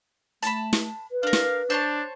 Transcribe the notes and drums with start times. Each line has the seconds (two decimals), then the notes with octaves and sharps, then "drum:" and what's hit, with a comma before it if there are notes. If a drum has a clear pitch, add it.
0.43 A3 A5 B5, drum: hi-hat
0.73 drum: snare
1.12 B4
1.23 D4 A#4 F5
1.33 drum: snare
1.70 D4 C5 C#5 A5